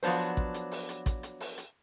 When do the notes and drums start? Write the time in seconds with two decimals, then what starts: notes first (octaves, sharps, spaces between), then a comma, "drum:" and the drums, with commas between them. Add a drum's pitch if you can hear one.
0.03 F3 F#3 B3 D4 C5, drum: open hi-hat
0.37 drum: kick A1
0.54 drum: hi-hat
0.72 drum: open hi-hat
0.89 drum: hi-hat
1.06 drum: kick A1, hi-hat
1.23 drum: hi-hat
1.40 drum: open hi-hat
1.58 drum: hi-hat